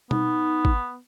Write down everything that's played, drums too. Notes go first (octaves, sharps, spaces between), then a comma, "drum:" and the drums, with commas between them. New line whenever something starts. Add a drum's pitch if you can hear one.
B3 D#4, drum: tom B2
drum: kick G#1